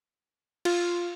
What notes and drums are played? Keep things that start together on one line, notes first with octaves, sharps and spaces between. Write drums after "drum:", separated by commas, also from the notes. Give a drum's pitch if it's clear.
F4, drum: cymbal